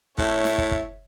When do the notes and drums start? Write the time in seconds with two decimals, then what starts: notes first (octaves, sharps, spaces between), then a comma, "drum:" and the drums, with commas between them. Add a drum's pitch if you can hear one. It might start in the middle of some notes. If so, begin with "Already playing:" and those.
0.18 A2 C#5 E5, drum: kick
0.45 drum: snare
0.58 drum: kick
0.71 drum: kick